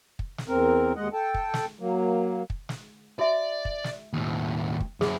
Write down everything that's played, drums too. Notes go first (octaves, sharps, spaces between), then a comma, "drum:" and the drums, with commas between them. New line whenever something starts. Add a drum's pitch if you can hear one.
drum: kick
drum: snare
E2 C4 A#4
D#2 G#3 D#5 F#5
A4 G5 A5
drum: kick
drum: snare
F#3 A#3
drum: kick
drum: snare
F#4 D5 E5
drum: kick
drum: snare
D#2 A2
drum: kick
F#2 E4 G#4, drum: snare